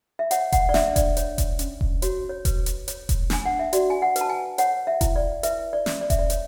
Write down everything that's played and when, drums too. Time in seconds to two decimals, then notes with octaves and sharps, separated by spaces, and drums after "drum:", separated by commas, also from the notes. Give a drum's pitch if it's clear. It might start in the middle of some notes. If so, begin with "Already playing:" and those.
0.19 E5
0.31 C#5 F#5, drum: hi-hat
0.52 F#5, drum: kick E1, hi-hat
0.69 D5
0.74 D4 E5, drum: snare
0.96 D5, drum: kick E1, hi-hat
1.17 C#5, drum: hi-hat
1.38 drum: kick E1, hi-hat
1.59 C#4, drum: hi-hat
1.81 drum: kick E1
2.02 F#4 C#5, drum: hi-hat
2.29 C#5
2.45 B4, drum: kick E1, hi-hat
2.66 drum: hi-hat
2.88 C#5, drum: hi-hat
3.09 drum: kick E1, hi-hat
3.30 D4 G#5, drum: snare
3.46 F#5
3.59 E5
3.73 F#4 D5, drum: hi-hat
3.90 G#5
4.02 F#5
4.16 B4, drum: hi-hat
4.21 A5
4.29 G#5
4.58 C#5 F#5, drum: hi-hat
4.87 E5
5.01 E4, drum: kick E1, hi-hat
5.16 D5
5.43 B4 E5, drum: hi-hat
5.73 D5
5.86 C#4, drum: snare
6.01 D5
6.10 E5, drum: kick E1, hi-hat
6.19 D5
6.30 C#5, drum: hi-hat